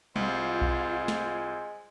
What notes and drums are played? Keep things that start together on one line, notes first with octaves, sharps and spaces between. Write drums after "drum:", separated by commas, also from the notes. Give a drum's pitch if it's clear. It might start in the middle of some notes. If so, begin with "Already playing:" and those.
C2 G#3 F4 C5, drum: tom G3
drum: kick B1
drum: snare